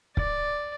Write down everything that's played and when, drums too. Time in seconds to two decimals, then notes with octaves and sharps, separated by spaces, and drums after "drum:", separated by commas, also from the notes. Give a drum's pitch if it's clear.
0.17 D5, drum: kick